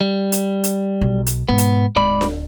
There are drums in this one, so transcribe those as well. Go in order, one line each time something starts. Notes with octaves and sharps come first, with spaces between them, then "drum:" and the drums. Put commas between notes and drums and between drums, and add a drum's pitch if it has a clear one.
G3
drum: hi-hat
drum: hi-hat
B1
drum: hi-hat
G#2 B2 B3
drum: hi-hat
D1 G#2 D5 B5
drum: snare D4